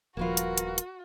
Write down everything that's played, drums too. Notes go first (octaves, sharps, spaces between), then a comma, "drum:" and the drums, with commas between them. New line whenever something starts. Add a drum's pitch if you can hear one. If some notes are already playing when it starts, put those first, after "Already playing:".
D#1 F3 A#3 B3 F4 F#4 A#4
drum: hi-hat
drum: hi-hat
drum: hi-hat